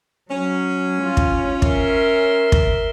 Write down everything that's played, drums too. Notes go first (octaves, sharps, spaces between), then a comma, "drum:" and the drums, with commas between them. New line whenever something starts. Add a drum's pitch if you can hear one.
F#3 C#4
F4
drum: kick
A#4 E5 C6, drum: kick
drum: kick